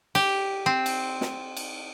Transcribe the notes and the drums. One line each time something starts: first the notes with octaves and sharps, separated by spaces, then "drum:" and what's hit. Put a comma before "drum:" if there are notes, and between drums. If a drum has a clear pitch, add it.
G4, drum: cymbal
C4
drum: cymbal
drum: snare
drum: cymbal